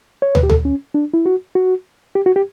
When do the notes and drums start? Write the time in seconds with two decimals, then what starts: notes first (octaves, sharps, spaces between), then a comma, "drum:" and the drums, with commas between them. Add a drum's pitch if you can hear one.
0.22 C#5
0.35 B4, drum: tom
0.43 G4
0.50 A4, drum: tom
0.65 C#4
0.94 D4
1.14 E4
1.26 F#4
1.55 F#4
2.15 G4
2.26 F#4
2.36 G4